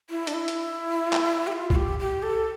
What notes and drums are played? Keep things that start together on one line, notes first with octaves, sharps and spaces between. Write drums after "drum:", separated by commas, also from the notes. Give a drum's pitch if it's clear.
E4
D4, drum: hi-hat
E4
drum: hi-hat
drum: clap
G4
F4
F4, drum: kick C2
G4
G4
A4